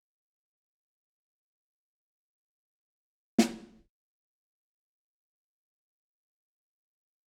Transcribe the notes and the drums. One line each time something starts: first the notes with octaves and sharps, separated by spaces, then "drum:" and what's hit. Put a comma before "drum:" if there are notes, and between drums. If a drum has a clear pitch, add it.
C2
A1
C#4
A#2
F1
B2
G#4 C5
drum: snare
B3 C#4 F#4
A2 D#3 F#3
C6
F#3